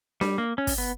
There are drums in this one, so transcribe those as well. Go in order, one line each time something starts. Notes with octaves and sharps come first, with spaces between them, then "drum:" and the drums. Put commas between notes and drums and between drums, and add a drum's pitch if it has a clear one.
G3, drum: snare D4
A#3
C#4
drum: kick, open hi-hat
B3